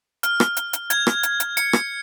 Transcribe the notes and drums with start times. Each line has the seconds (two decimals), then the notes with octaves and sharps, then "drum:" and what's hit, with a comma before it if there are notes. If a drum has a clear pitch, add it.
0.23 F6, drum: hi-hat
0.40 drum: rim click
0.57 drum: hi-hat
0.73 drum: hi-hat
0.90 G#6, drum: hi-hat
1.07 drum: rim click
1.23 drum: hi-hat
1.40 drum: hi-hat
1.57 C#7, drum: hi-hat
1.73 drum: rim click